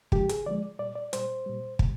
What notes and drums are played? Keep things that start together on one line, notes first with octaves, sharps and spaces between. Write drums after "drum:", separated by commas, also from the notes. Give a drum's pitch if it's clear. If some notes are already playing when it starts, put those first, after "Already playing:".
D3 F3 G#3 G4, drum: kick
G#4, drum: hi-hat
D3 F3 G#3 D5
A#2 G3 D5
D5
A#2 G3 C5, drum: hi-hat
A#2 G3
A#2 G3, drum: kick